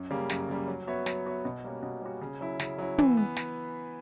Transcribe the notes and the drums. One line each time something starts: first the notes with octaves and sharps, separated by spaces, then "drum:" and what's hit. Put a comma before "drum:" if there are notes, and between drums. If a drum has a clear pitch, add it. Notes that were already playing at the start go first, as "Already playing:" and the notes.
Already playing: F#2
C#3 G3 A#3
F#2, drum: snare
C#3 G3 A#3
F#3
B3 F#4 C#5 E5
F#3, drum: snare
B3 F#4 C#5 E5
B2
G3 A#3 C#4 F#4
B2
G3 A#3 C#4 F#4
C#3
F#3 C#4 E4
C#3, drum: snare
F#3 C#4 E4
E3, drum: tom
B3
drum: snare